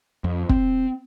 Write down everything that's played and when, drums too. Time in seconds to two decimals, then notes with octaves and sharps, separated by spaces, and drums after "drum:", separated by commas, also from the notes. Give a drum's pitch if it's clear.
0.24 F2
0.49 C4, drum: kick